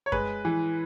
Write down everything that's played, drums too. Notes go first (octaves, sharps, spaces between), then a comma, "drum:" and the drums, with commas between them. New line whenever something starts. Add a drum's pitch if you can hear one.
C#5
G#3 B4, drum: kick F#2
E3